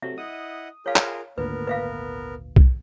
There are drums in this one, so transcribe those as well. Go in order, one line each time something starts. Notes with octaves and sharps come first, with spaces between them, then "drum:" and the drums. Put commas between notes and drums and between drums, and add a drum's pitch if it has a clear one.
C3 F#3 A3 E5
E4 D#5 F#5 D#6
F4 G#4 A#4 C#5 F5
drum: clap
G#1 D2 A#2 B3 A#4 B4
B4 E5 F5
drum: kick B1